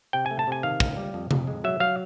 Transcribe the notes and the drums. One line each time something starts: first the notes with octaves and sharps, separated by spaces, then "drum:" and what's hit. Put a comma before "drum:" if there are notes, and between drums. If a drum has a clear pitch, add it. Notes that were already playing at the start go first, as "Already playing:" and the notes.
C3 G5
G#5
A3
A5
C3 G#5
D#3 F5
C#2, drum: kick
G3
F2
F2, drum: tom C3
G#3
F#3 E5
F#3 F5